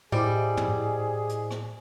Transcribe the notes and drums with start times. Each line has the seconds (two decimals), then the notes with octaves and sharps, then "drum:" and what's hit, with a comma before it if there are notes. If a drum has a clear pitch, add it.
0.12 A2 G3 E4 G#4 C5 D#5
0.57 drum: tom
1.29 drum: hi-hat
1.50 drum: rim click